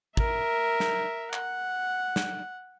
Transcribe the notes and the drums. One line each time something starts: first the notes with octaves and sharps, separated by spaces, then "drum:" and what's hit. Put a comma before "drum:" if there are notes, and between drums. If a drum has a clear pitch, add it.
A#4 E5, drum: kick
drum: snare
F#5, drum: clap
drum: snare